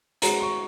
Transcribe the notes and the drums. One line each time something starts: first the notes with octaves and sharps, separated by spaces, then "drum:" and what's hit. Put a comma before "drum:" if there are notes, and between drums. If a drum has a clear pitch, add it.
G#3 F#4 C#5 A#5, drum: hi-hat
C#6